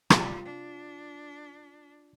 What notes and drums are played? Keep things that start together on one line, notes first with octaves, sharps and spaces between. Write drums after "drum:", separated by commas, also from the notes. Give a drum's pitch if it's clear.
C3 G3 F4, drum: rim click
D4